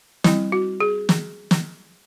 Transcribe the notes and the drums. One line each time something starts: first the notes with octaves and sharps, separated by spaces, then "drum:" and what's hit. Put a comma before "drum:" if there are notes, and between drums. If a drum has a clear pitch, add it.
G3 C4 E4, drum: snare
F#4
G#4
drum: snare
drum: snare